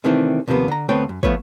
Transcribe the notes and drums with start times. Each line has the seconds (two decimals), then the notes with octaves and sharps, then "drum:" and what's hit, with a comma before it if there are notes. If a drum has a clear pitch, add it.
0.04 C3 D#3 E3 A3 C4 D4
0.48 D#2 C3 F3 A#3 B3
0.68 D3 A#5
0.89 D2 A3 B3 C4 C#5 G5
1.09 F#2
1.23 F3 A3 B3 B4 C#5, drum: kick